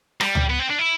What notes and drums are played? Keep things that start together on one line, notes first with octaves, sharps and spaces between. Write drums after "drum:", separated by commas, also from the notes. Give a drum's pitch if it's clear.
G3, drum: rim click
drum: tom C#2
B3
C4
D4
E4